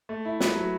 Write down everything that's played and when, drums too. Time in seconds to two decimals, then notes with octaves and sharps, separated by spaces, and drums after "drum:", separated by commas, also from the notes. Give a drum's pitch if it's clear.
0.09 A3
0.25 E4
0.40 B4, drum: snare
0.56 F#3